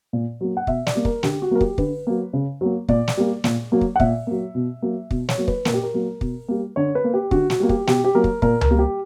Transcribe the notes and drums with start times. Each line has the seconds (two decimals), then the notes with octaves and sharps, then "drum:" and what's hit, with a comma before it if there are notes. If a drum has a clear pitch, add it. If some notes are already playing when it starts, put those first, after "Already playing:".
0.13 A#2
0.41 F#3 A#3
0.57 F#5
0.67 B2 E5, drum: kick
0.87 D5, drum: snare
0.95 G3 A#3
1.05 A#4, drum: kick
1.23 D3 G4, drum: snare
1.42 F#4
1.51 F#3 A#3 A#4
1.61 G4, drum: kick
1.78 D3 B4, drum: kick
2.07 F#3 A#3
2.33 C#3
2.61 F#3 A#3
2.89 A#2 D5, drum: kick
3.08 drum: snare
3.17 G3 A#3
3.44 A#2, drum: snare
3.72 F#3 A#3
3.81 drum: kick
3.96 F#5
4.00 A#2 E5, drum: kick
4.27 F#3 A#3
4.55 B2
4.82 F#3 A#3
5.11 B2, drum: kick
5.29 C#5, drum: snare
5.38 F#3 A#3
5.48 B4, drum: kick
5.65 A#2 A#4, drum: snare
5.74 G4
5.83 A#4
5.94 F#3 A#3
6.21 B2, drum: kick
6.48 G3 A#3
6.76 D3 C#5
6.95 B4
7.04 A#3
7.14 G4
7.31 D3 F#4, drum: kick
7.50 F#4, drum: snare
7.60 G3 A#3
7.69 G4, drum: kick
7.87 B2 G4, drum: snare
8.04 G4
8.15 F#3 A#3 A#4
8.24 drum: kick
8.42 A#2 A#4, drum: kick
8.61 A#4, drum: tom C#2
8.71 G3 A#3
8.79 G4